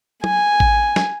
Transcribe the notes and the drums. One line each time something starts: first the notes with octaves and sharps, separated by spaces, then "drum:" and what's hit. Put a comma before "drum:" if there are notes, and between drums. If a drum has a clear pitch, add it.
G#5, drum: tom
drum: kick A1
drum: snare